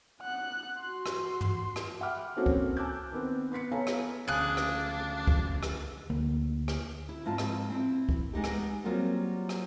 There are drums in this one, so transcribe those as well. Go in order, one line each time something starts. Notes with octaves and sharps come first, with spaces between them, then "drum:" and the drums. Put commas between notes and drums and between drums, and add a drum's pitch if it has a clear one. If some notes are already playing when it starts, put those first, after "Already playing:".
F#5 F#6
F#4 C6
drum: rim click
drum: tom
drum: rim click
E5 F#5 G5 B5 D6 F6
A#3 C4 C#4 F#4 A4 C5
drum: kick C#2
G#5 A5 D6 E6 F#6 G6
D#3 B3 C4
B3 C6 B6 C#7
B3 A4 C#5 F5 G#5 A#5
drum: rim click
D2 C#3 F3 D4 G#4 F5 F#6
drum: rim click
drum: kick C#2
drum: rim click
D2 A#3
drum: rim click
E4
F2 G#2 F4 A5
drum: rim click
C4 E4
drum: kick C#2
G#3 B3 D#4 G4
drum: rim click
F#3 G3 A#3 C4 F4 F#4
drum: rim click